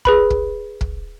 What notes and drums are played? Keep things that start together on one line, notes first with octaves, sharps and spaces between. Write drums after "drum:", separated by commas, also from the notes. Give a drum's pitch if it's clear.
G#4 B4 B5, drum: kick
drum: kick
drum: kick